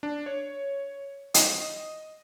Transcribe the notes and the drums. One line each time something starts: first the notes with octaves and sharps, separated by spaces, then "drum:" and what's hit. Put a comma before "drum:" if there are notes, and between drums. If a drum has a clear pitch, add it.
D4
C#5
D#5, drum: hi-hat